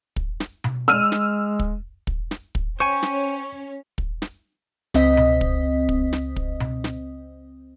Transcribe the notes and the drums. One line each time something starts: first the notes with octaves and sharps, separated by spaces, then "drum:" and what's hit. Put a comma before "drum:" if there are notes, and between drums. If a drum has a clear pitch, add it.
drum: kick
drum: snare
drum: tom B2
G#3 E6 F6 D#7
drum: snare
drum: kick
drum: kick
drum: snare
drum: kick
C#4 C5 G5 G#5 C#6
drum: snare
drum: kick
drum: snare
C#2 C4 D#5 B6, drum: snare
drum: tom B2
drum: kick
drum: kick
drum: snare
drum: kick
drum: tom B2
drum: snare